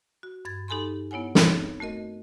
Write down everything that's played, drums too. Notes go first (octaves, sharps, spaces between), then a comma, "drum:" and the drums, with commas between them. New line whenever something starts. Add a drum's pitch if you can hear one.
F#4
G2 G#6 A6
D#4 G4 A4 G#5 B5 C6
B3 E4 C#5 F#5 G#5
B3 C4 D#4 A4 C#5, drum: snare
A3 F#4 A#4 D#5